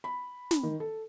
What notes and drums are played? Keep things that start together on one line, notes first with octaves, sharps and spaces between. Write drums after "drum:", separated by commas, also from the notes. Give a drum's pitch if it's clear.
B5
drum: snare
D#3
A4